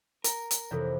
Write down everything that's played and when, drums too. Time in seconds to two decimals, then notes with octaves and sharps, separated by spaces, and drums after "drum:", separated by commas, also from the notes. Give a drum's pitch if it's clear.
0.24 A#4, drum: hi-hat
0.51 drum: hi-hat
0.71 F2 C3 E3 A4 C#5